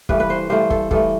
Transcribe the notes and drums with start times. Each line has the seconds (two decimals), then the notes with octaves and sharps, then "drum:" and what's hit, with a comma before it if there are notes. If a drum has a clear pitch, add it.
0.09 G2 E3 A3 B4, drum: kick
0.20 B4
0.30 C5
0.50 G2 E3 A3 C5
0.70 A4, drum: kick
0.91 G2 E3 A3 A4, drum: kick